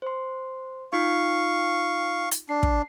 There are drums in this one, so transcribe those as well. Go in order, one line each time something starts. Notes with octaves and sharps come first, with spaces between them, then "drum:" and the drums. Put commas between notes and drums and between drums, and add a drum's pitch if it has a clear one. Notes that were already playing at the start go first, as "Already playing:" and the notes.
C5 C6
D#4 F4 F5 C#6
drum: hi-hat
D4 C7
drum: kick